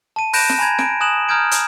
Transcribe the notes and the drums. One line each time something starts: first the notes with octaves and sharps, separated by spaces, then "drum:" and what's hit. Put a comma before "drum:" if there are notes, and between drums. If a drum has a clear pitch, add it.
A5 D#7
B5 F#6 G6 A#6 D7 E7, drum: open hi-hat
drum: snare
G#5 A#5 B5 G#6
D7, drum: snare
G#5 D#6 F#6 E7 F#7
A#5 D#6 F6 G6 G#6 D7
drum: hi-hat